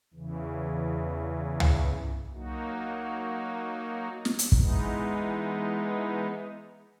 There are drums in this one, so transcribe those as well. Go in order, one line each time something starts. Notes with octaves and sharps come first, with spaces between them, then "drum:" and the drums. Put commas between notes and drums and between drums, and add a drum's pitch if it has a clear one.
E2 C#3 E3
drum: tom
F#3 A#3 D#4 F#4
drum: snare
drum: hi-hat
E3 G#3 B3 D#4, drum: kick